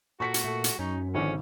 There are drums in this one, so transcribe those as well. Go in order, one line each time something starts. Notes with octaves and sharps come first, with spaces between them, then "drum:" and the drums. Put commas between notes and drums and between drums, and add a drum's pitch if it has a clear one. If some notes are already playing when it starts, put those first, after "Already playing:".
A#2 F#4 A4 A#4 C#6 B6 C#7
drum: hi-hat
A#2 A3 A4
drum: hi-hat
F#2 C#4 D#4
G#1 D3 F3 G#3 C#4